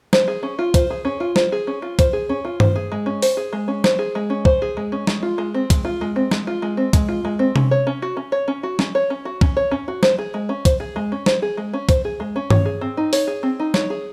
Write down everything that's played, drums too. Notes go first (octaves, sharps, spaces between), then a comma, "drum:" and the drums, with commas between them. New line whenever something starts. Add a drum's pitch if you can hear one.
C5, drum: snare
G#4
C#4
F4
C5, drum: kick, hi-hat
G#4
C#4
F4
C5, drum: snare
G#4
C#4
F4
C5, drum: kick, hi-hat
G#4
C#4
F4
C5, drum: tom G2
G#4
G#3
C#4
C5, drum: open hi-hat
G#4
G#3
C#4
C5, drum: snare
G#4
G#3
C#4
C5, drum: kick
G#4
G#3
C#4
G#3, drum: snare
F4
G#3
C4
G#3, drum: kick, hi-hat
F4
G#3
C4
G#3, drum: snare
F4
G#3
C4
G#3, drum: kick, hi-hat
F4
G#3
C4
C#4, drum: tom C3
C#5
C#4
F#4
C#4
C#5
C#4
F#4
C#4, drum: snare
C#5
C#4
F#4
C#4, drum: kick
C#5
C#4
F#4
C5, drum: snare
G#4
G#3
C#4
C5, drum: kick, hi-hat
G#4
G#3
C#4
C5, drum: snare
G#4
G#3
C#4
C5, drum: kick, hi-hat
G#4
G#3
C#4
C#5, drum: tom G2
G#4
C4
D#4
C#5, drum: open hi-hat
G#4
C4
D#4
C#5, drum: snare
G#4